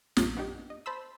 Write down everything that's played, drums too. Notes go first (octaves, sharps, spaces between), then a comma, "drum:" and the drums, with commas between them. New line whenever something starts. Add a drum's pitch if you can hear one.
A#1 F#2, drum: snare
B3 D4 D#4 G4
D#5
C5 A5 B5 C6 E6